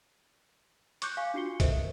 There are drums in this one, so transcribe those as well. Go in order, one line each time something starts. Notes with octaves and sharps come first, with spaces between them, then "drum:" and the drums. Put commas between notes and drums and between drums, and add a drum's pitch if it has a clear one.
C#6 D6 F#6 G6 C#7, drum: hi-hat
F5 G#5 C#6
D4 F4 F#4 C7 C#7 G7
A4 A#4 C5 D#5 E5, drum: kick A#1, hi-hat